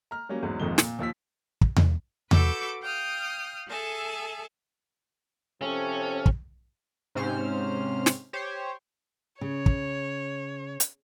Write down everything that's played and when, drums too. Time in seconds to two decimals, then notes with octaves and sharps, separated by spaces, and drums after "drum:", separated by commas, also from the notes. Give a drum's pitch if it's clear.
0.11 A#5 F6
0.29 F#3 G3 A#3 C#4
0.43 E2 G#2 F#3
0.60 F1 F2 G#2 D#3 F3 G7
0.78 A#2, drum: snare
0.99 D#2 F3 E6 B6
1.61 drum: kick
1.76 drum: tom E2
2.31 F#4 A4 B4 D6 E6 G6, drum: tom E2
2.83 F5 G5 D#6 F6
3.69 G#4 A4 E5 G#5 A5
5.62 C3 F3 C#4 A4
6.26 drum: kick
7.15 G#2 C3 C#4 C5 F6
8.06 drum: snare
8.33 G4 C5 C#5
9.41 C#3 C#5
9.66 drum: kick
10.80 drum: hi-hat